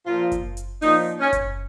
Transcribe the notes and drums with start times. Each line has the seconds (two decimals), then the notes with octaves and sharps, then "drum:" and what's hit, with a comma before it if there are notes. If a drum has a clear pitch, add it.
0.06 A#2 F3 F4
0.32 drum: kick F#1, hi-hat
0.57 drum: hi-hat
0.82 A#2 F3 D#4, drum: open hi-hat
1.20 C#4
1.33 drum: kick F#1, hi-hat